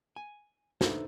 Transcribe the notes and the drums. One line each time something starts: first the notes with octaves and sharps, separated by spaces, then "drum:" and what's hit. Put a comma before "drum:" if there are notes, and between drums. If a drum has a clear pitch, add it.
G#5
D4 D#4 A4 B4 C5 E5, drum: snare